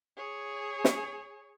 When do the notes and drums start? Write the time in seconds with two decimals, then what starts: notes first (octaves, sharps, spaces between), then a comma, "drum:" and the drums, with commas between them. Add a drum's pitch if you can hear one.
0.17 G#4 C#5
0.84 drum: snare